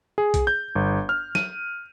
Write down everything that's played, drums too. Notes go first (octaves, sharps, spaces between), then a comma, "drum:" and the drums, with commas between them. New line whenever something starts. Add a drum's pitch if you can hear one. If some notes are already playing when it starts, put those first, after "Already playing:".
G#4
drum: kick B1, hi-hat
G6
G1
F6
D#7, drum: snare